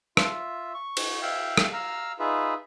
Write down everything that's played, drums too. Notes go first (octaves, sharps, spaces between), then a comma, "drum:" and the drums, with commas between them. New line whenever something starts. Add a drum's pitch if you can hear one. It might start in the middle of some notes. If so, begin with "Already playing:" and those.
F4 E5, drum: rim click
C#6
drum: cymbal
E5 F5 G5
drum: rim click
F5 A#5 E6 F6
D#4 F4 G#4 B4 E5